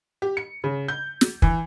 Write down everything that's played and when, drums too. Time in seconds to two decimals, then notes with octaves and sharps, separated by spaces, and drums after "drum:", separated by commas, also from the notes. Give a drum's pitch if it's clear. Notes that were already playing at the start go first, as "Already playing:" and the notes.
0.22 G4
0.37 C#7
0.64 C#3
0.88 G6
1.21 drum: snare
1.42 E3, drum: kick